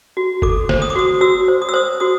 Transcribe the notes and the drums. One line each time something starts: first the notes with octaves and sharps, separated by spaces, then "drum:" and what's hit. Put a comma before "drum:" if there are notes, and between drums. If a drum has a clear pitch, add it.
F#4
A4 D6, drum: kick F#1
C5, drum: snare
D#6
D6
F#4 D#6
F#4 E6
C5
D#6
E6
C5 D#6
F#4 D#6